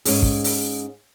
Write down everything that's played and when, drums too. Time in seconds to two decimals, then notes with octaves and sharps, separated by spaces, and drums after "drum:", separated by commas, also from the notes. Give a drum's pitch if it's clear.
0.05 G#2 C#4 G#4, drum: open hi-hat
0.22 drum: kick
0.44 drum: open hi-hat